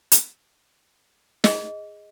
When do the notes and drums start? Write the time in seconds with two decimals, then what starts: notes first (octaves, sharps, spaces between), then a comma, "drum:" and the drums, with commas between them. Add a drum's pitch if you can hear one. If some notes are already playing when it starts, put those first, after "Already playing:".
0.12 drum: hi-hat
1.44 G#4 D#5, drum: snare